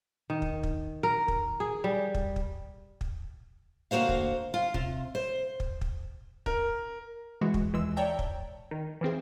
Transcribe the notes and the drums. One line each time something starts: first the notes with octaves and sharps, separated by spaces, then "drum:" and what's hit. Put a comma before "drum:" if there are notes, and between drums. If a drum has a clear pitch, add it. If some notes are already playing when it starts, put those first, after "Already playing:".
D#3
drum: kick
drum: kick
A#4
drum: kick
G#4
G3
drum: kick
drum: kick
drum: kick
D2 A#3 F#4 C5 F5
drum: kick
F4
C3, drum: kick
C5
drum: kick
drum: kick
A#4, drum: kick
E3 G#3 F#4
drum: kick
D#2 E3 G#3 E6
C#5 D5 E5 G5 A5 A#5
drum: kick
D#3
E3 F3 C4 G#4